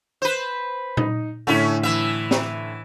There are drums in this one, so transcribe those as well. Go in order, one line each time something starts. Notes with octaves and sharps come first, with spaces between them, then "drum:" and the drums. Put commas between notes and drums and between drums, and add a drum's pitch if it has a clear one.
B4 C5
D#4, drum: tom A#2
A2 D3 A3 C#4
E3 E5
drum: snare